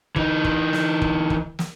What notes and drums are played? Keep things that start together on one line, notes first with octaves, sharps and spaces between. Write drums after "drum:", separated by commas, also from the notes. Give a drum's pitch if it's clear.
E3 D#4, drum: kick
drum: kick
drum: snare
drum: kick
drum: kick
drum: snare